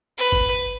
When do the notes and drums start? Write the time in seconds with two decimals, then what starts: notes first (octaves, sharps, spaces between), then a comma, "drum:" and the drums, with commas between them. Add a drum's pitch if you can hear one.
0.17 B4
0.32 drum: kick G1